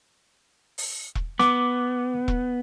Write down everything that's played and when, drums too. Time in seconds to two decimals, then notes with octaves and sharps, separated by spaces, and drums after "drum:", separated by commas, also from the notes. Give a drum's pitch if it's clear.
0.78 drum: open hi-hat
1.15 drum: kick E1
1.39 B3 D6, drum: snare
2.28 drum: kick E1